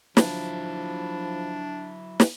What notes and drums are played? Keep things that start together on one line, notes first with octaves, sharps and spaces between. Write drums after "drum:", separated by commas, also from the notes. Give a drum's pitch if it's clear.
F3 F#3 D4 E4, drum: snare
drum: snare